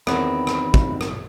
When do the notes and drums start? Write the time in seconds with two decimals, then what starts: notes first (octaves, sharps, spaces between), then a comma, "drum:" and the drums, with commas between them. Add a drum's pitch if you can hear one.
0.07 E2 D#3 B3 C4 C#5 B5, drum: rim click
0.47 drum: rim click
0.74 drum: kick
1.01 drum: rim click